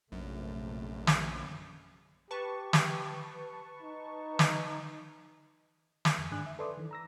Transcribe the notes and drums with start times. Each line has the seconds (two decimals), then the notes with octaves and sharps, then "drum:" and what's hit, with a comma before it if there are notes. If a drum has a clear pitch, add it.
0.12 A#1 F#2 C3 A3
1.07 drum: snare
2.31 G4 B4 A5 C#6
2.73 drum: snare
3.83 D#4
4.39 drum: snare
6.05 drum: snare
6.18 F2
6.31 G#2 D#3 G#3 D4 G#5 F#6
6.46 E5
6.59 A4 B4 D5 C6 D6 D#6
6.77 D#3 E3
6.91 A#5 E6 A#6